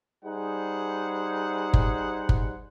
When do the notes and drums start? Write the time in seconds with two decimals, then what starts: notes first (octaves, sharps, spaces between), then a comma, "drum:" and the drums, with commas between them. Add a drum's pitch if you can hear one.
0.23 G3 D#4 G#4 C5 F#5
1.74 drum: kick G1
2.29 drum: kick G1